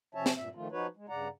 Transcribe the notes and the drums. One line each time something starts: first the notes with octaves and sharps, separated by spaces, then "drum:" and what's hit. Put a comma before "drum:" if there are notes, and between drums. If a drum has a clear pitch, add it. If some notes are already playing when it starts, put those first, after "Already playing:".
C3 F3 C#4 C#5 E5 A5
drum: snare
G2 A#2 E5
D#3 F3 A3 F4
F3 D#4 F#4 B4 C#5
G#3
G2 C#3 D5 F#5 A#5